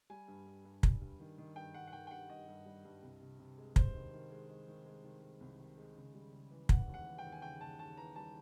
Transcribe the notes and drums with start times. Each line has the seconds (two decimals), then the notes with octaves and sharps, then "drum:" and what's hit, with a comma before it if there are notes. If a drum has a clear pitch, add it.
0.10 G3 G#5
0.28 G2
0.46 G2
0.65 G2
0.83 G3, drum: kick
1.01 G2
1.20 D#3
1.38 D#3
1.56 G2 G5
1.74 G2 F#5
1.88 F#5
1.93 D#3 G5
2.07 G5
2.11 G2 F#5
2.30 G2 D#5
2.48 G2
2.66 G3
2.85 G2
3.03 C2
3.21 C3
3.39 C3
3.58 G#3
3.76 C3 C5, drum: kick
3.95 D#3
4.13 D#3
4.31 G#3
4.49 G#3
4.68 D#3
4.86 G#3
5.04 D#3
5.23 G#3
5.41 C2
5.59 D#3
5.78 G#3
5.96 C#3
6.15 G3
6.33 C#3
6.51 E3
6.69 E3 F#5, drum: kick
6.88 D#2
6.94 F#5
7.06 E3
7.18 G5
7.24 D#2
7.32 G#5
7.42 C#3 G5
7.61 D#2 A5
7.79 D#2 A5
7.97 E3 A#5
8.16 G3 A5